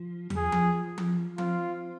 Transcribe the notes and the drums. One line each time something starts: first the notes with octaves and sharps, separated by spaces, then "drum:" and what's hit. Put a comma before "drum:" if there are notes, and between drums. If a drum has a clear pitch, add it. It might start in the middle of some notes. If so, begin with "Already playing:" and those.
Already playing: F3
G3, drum: tom
F3 G#4
drum: tom F3
drum: tom F3
C4 F4, drum: tom F3